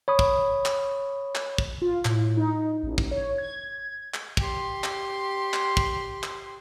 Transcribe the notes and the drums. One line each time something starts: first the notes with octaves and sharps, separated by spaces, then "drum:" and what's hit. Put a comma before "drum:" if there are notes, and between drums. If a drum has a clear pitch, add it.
C#5 B5 D#6
drum: kick
drum: clap
drum: clap
drum: kick
F4
A2, drum: clap
D#4
A1
drum: kick
C#5
G#6
drum: clap
G4 C6, drum: kick
drum: clap
drum: clap
drum: kick
drum: clap